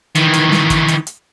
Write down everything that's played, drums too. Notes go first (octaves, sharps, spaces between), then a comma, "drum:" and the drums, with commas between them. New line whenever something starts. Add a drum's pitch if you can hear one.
D#3 E3, drum: hi-hat
drum: hi-hat
drum: snare
drum: kick, hi-hat
drum: hi-hat
drum: hi-hat